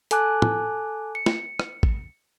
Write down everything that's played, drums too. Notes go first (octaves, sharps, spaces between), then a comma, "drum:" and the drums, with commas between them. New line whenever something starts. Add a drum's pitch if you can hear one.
A4 G#5 A5 D6 F#6, drum: hi-hat
drum: tom
C#7
drum: snare
drum: rim click
drum: kick A1